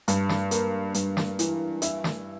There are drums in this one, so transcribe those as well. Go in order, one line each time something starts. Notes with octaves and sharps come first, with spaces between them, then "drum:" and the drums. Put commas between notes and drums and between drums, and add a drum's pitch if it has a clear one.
G2, drum: hi-hat
drum: snare
A#3, drum: hi-hat
G2, drum: hi-hat
drum: snare
E3, drum: hi-hat
E4, drum: hi-hat
drum: snare